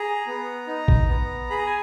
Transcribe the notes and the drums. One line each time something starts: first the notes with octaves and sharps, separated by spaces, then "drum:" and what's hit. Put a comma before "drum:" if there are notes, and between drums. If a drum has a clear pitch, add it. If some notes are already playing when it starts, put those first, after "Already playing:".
Already playing: G#4 A#5
B3
D#4
drum: kick A1
B3
G#4 B5
A#5
G#5